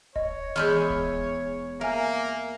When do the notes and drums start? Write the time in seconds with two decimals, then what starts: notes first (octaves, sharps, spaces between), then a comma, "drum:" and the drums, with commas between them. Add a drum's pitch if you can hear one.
0.16 C#5 D#5, drum: kick D1
0.56 E2 G#3 E5 F6 G6
0.90 drum: kick D1
1.81 A#3 A#4 E5 G#5